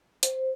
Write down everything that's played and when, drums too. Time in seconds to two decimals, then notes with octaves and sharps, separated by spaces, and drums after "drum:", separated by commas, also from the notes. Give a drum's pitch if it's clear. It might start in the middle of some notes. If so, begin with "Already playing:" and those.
0.23 C5, drum: hi-hat